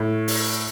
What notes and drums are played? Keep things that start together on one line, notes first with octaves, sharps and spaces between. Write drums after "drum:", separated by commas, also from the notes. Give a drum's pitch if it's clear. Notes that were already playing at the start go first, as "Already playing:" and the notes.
Already playing: A2
drum: open hi-hat